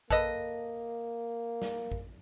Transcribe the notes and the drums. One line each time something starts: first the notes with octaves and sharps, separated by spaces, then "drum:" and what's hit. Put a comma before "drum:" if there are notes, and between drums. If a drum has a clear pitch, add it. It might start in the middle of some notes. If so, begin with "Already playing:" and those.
A#3 A4 B4 D#5, drum: kick A1
drum: snare
drum: kick A1